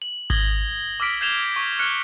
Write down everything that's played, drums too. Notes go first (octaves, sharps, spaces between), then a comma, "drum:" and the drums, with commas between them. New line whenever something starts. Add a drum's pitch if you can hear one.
F#7
D#6 G#6 A#6 F#7 G7, drum: kick G#1
D6 E6 F6 B6 D7
G6 G#6 C7 E7 F7 G7
C#6
F6 F#6 C#7 G7